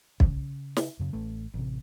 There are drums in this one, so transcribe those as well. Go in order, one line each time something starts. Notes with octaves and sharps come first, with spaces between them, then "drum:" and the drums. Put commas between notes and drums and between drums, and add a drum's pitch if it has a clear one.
C#3, drum: kick
drum: snare
F#2 C#3
A1 A3
A1 C3